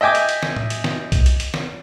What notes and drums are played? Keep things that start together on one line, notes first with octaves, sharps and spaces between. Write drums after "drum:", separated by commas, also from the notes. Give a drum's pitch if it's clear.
D#5 E5 G5 G#5 D6
drum: hi-hat
drum: hi-hat
drum: snare
drum: tom
drum: hi-hat
drum: snare
drum: kick B1, hi-hat
drum: hi-hat
drum: hi-hat
drum: snare